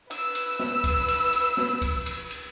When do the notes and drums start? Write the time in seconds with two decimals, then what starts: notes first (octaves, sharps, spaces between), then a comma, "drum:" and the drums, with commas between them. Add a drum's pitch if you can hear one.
0.11 B4 E6, drum: cymbal
0.35 drum: cymbal
0.59 drum: snare
0.84 drum: kick, cymbal
1.08 drum: cymbal
1.33 drum: cymbal
1.57 drum: snare
1.82 drum: kick, cymbal
2.06 drum: cymbal
2.31 drum: cymbal